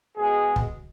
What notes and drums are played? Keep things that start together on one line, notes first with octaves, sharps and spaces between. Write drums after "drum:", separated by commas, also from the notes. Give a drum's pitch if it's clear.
B2 G#3 G#4
drum: kick